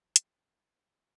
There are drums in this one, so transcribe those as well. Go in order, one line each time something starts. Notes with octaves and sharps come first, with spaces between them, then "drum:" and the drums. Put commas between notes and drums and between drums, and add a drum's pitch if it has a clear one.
D3 F3 C#4
drum: hi-hat